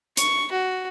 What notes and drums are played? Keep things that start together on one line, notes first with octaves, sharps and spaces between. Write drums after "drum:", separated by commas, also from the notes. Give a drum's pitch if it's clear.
C#6, drum: hi-hat
F#4